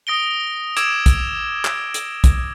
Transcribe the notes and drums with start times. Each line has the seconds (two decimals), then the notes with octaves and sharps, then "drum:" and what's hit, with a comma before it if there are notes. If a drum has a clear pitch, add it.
0.07 D#6 A#6 D7 G7
0.77 D6 E6 G#6 D7 E7, drum: hi-hat
1.06 drum: kick, hi-hat
1.65 drum: clap
1.94 drum: hi-hat
2.24 drum: kick, hi-hat